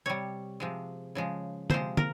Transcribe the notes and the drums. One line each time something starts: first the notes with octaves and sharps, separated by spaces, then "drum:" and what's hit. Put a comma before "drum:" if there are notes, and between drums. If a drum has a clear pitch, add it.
C3 G3 C#5
C3 F3 G#3
C#3 F3 G#3
C3 F3 G#3 C5, drum: tom
A#4, drum: tom